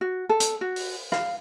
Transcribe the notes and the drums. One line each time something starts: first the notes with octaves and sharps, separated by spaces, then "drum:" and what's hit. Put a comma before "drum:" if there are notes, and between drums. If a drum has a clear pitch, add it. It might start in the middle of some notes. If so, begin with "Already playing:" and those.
F#4
A4
drum: hi-hat
F#4
drum: open hi-hat
F5, drum: rim click